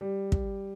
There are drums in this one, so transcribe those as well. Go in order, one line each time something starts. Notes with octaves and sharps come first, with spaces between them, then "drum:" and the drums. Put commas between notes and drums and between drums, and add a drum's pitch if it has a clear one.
G3
drum: kick